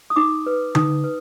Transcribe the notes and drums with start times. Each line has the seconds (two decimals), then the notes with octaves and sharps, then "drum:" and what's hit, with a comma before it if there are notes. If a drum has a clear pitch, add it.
0.10 D#6
0.16 D#4 D6
0.46 B4
0.75 D#4 D#6, drum: tom D3
1.04 B4